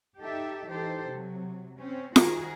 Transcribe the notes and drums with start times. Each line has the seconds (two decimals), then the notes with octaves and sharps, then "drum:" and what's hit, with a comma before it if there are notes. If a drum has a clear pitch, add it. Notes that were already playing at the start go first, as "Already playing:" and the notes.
0.20 D#4 G4 A4 E5
0.68 E3 D#4 G4 A4 C5
1.08 C3 F#3
1.78 C4 C#4
2.16 D#3 F#4 G#4 A#4, drum: snare